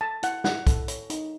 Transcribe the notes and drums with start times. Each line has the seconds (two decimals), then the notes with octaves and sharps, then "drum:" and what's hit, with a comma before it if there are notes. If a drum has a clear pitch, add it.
0.01 A4 A5
0.23 E4 F#5, drum: hi-hat
0.44 E4 F#5, drum: snare
0.67 A4, drum: kick, hi-hat
0.88 C#5, drum: hi-hat
1.10 D#4, drum: hi-hat